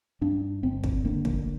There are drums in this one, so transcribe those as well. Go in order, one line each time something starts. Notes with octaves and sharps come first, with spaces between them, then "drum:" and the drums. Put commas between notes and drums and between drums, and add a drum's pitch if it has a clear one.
G2 D4
G1 C4
drum: kick
D3 A#3
A#3, drum: kick